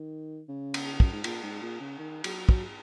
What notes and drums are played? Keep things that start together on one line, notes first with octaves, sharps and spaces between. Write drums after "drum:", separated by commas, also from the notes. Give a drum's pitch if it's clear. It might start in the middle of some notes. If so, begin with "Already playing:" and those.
Already playing: D#3
C#3
drum: cymbal
F#2, drum: kick
G#2
A#2, drum: cymbal
G#2
A#2
C#3
D#3
F#3, drum: cymbal
F#3, drum: kick